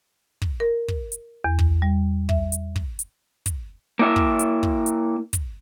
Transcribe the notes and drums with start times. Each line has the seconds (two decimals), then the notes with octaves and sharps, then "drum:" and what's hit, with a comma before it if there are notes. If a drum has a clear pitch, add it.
0.42 drum: kick
0.60 A#4
0.88 drum: kick
1.12 drum: hi-hat
1.44 E2
1.59 drum: kick
1.82 G3
2.29 E5, drum: kick
2.52 drum: hi-hat
2.76 drum: kick
2.99 drum: hi-hat
3.46 drum: kick, hi-hat
3.99 A#3 E4 E5
4.16 drum: kick
4.39 drum: hi-hat
4.63 drum: kick
4.86 drum: hi-hat
5.33 drum: kick, hi-hat